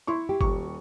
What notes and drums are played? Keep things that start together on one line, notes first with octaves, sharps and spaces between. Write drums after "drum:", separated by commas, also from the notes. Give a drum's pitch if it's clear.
E4 C6 C#6
G4
D#1 C#6, drum: kick G1